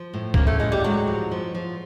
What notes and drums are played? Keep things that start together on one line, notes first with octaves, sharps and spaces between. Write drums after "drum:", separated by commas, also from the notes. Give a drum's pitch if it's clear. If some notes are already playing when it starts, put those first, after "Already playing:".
Already playing: F3
A2
A#3 C#4, drum: kick
A3
A2 G#3
G3
F#3 G#3
F3
F3
F3